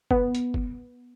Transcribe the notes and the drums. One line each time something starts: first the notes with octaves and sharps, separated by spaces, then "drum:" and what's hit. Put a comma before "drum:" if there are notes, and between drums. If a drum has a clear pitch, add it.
B3, drum: kick
drum: hi-hat
drum: kick